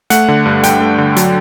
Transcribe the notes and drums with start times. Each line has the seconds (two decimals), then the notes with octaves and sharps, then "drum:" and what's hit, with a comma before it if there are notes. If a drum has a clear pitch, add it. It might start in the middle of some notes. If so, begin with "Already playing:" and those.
0.10 A3 F#5, drum: hi-hat
0.28 D3
0.46 G2
0.63 G2 G5, drum: hi-hat
0.81 A3
0.98 D3
1.16 F#3, drum: hi-hat